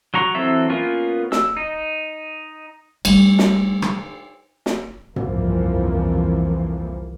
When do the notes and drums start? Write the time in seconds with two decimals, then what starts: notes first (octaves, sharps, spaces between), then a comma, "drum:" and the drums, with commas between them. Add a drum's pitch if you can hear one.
0.14 F#3 F#4 A#5 C#6
0.35 E3 F#3 C4 A4 E5
0.69 A#3 B3 C#4 F4 A#4
1.32 E6, drum: snare
1.57 D#4
3.05 G3 A3, drum: cymbal
3.39 drum: snare
3.82 drum: rim click
4.66 drum: snare
5.16 G1 C2 F2 E3 F3 A#3, drum: tom